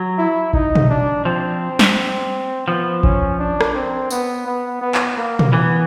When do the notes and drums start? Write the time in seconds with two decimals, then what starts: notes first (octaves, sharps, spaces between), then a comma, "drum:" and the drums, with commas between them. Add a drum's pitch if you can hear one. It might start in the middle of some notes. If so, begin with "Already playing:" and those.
Already playing: F#3
0.18 E4
0.53 D#4, drum: kick A1
0.75 drum: tom
0.90 D4
1.25 F3 C4
1.79 drum: snare
2.68 F3 B3
3.03 C#4, drum: kick A1
3.39 D4
3.61 drum: rim click
3.74 C4
4.10 B3, drum: tambourine
4.46 B3
4.81 B3
4.95 drum: clap
5.17 A#3
5.39 drum: tom
5.52 E3 B3